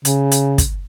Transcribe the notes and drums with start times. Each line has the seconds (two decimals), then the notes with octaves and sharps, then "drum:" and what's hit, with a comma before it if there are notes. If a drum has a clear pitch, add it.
0.05 C#3, drum: hi-hat
0.31 drum: hi-hat
0.58 drum: kick, hi-hat